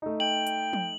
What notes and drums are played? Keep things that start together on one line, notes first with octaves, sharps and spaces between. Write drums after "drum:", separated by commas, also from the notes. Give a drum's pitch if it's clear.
A3 D#4
G5 F#7
drum: hi-hat
drum: tom F3